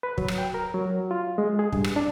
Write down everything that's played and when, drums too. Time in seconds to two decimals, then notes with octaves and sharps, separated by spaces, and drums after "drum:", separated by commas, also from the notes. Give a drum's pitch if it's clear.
0.03 B4
0.18 F#3, drum: kick
0.28 drum: rim click
0.38 G5
0.54 A#4
0.74 F#3
1.11 F4
1.38 G#3
1.59 G#4
1.72 G2, drum: kick
1.84 drum: rim click
1.96 D4